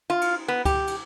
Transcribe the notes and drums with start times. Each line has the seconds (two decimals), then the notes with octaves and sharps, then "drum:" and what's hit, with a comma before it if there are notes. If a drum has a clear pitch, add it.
0.10 F4
0.21 drum: cymbal
0.48 B3
0.65 G4, drum: kick C#2, cymbal
0.87 drum: cymbal